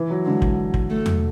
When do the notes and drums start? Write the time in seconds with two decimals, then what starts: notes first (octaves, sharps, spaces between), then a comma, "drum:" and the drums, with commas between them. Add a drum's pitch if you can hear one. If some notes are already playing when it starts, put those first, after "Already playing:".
Already playing: E3
0.10 F#3
0.26 D3 G#3
0.42 drum: kick
0.74 drum: kick
0.90 A3
1.06 drum: tom E2